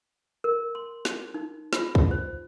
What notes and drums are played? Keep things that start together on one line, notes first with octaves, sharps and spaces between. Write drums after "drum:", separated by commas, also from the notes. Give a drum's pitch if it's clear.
A#4
C6
drum: snare
D#4
F4, drum: snare
drum: kick
C5